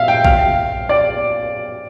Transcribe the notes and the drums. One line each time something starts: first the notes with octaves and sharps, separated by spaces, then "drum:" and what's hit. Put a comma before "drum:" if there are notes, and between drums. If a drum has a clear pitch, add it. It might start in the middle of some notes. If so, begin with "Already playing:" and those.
Already playing: E5 F5
G5
F5, drum: kick A#1
D5